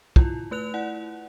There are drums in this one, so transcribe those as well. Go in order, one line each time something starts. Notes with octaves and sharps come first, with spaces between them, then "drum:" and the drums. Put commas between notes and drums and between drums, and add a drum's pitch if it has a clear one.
E4 F4, drum: kick
A3 B4 F#6 F7
E4 D5 F#5